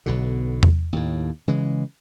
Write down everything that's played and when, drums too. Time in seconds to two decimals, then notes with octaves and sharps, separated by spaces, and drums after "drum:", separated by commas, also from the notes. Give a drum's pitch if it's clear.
0.06 B1 B2 D3
0.63 drum: tom E2
0.93 D#2 A2
1.48 C#3 E3 G#3